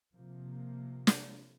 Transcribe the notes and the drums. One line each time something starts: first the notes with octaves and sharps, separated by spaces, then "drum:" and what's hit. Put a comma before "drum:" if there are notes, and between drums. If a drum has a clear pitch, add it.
C3 F3 A#3
drum: snare